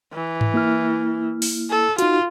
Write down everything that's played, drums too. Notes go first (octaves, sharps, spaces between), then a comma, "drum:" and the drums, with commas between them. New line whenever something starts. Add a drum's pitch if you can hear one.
E3
drum: tom G#2
A#3 E4 F6
drum: open hi-hat
A4
D#4 F4 F#4, drum: hi-hat